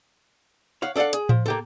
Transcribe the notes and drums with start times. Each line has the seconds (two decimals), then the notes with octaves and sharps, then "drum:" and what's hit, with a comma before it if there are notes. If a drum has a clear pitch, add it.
0.82 C#5 F5 F#5
0.96 D4 A4 D5 F5 F#5
1.13 G#4, drum: hi-hat
1.29 F3, drum: tom A2
1.46 A#3 G4 A4